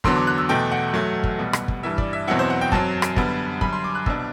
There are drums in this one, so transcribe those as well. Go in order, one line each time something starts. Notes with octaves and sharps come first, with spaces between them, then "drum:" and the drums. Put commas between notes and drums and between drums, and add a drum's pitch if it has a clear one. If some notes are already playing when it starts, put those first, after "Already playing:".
E2 D3 F#3 B3 C6, drum: kick
D6
F#6
E6
E2 B2 A3 G5
F#5
F#2 F#3 A3
drum: kick
C2 B2 G3
drum: rim click
drum: kick
G2 E3 G3 E5
D5, drum: kick
E5
E2 B2 F#3 C4 E4 F#5
C5
F#5
G5
F#2 F#3 C4 A5, drum: kick
drum: rim click
F#2 D3 G3 B3, drum: kick
F#2 D3 G3 B5, drum: kick
C6
D6
F#6
C2 B2 G3 D4 E6, drum: kick